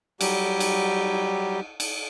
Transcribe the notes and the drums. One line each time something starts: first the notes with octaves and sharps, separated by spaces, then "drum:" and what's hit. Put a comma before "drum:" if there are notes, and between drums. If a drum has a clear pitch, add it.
F#3 G3 G4, drum: cymbal
drum: cymbal
drum: cymbal